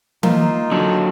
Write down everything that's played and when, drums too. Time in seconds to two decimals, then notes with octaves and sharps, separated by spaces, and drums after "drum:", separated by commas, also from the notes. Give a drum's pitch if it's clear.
0.23 A#3 D#4 F4 C5 E5, drum: tom E3
0.71 D3 F#3 D4 C#5